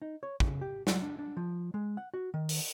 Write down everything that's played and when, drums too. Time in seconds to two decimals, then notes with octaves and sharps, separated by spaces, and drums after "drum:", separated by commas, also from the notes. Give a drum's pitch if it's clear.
0.02 D#4
0.23 C#5
0.40 C#3, drum: kick
0.61 G4
0.87 F#3, drum: snare
1.02 D4
1.19 D4
1.37 F3
1.74 G#3
1.97 F#5
2.14 F#4
2.34 D#3
2.49 drum: open hi-hat